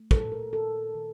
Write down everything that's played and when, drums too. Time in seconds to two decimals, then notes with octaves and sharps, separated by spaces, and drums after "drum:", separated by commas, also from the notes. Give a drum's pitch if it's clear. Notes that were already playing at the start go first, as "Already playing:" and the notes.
Already playing: A3
0.11 A#2 A4, drum: kick
0.32 A#4
0.53 D#3 A4
0.95 D#3